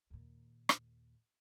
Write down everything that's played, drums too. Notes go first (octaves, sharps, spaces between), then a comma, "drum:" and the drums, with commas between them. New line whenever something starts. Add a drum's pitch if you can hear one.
D#2 A#2
drum: rim click